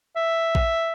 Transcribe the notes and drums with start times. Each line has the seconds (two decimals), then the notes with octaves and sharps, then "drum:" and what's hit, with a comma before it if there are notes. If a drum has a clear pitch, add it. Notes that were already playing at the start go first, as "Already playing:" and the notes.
0.16 E5
0.55 drum: kick A#1